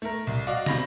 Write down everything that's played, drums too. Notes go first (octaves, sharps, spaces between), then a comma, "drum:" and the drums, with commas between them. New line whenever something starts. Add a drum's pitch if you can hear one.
A3 A#4
C2
F#4 D5 D#5 F5
C3 B5 A#6, drum: snare